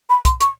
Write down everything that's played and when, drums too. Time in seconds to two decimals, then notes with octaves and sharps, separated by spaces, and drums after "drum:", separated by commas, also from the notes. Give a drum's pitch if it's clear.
0.09 B5
0.25 C6, drum: kick, hi-hat
0.41 C#6, drum: hi-hat